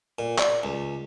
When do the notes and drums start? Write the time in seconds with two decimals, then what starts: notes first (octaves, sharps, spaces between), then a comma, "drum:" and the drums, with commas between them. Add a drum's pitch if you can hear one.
0.19 A#2
0.38 D5, drum: clap
0.63 C#2